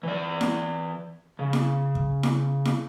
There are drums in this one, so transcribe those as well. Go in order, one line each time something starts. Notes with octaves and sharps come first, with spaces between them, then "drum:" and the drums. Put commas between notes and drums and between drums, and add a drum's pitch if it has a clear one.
E3 D5
drum: snare E4
C#3
drum: snare E4
drum: kick
drum: snare E4
drum: snare E4